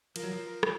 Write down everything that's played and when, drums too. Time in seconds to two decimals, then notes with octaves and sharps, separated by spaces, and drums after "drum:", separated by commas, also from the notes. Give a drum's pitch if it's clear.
0.16 F3 A#4, drum: cymbal
0.23 F#3
0.32 F3
0.63 drum: rim click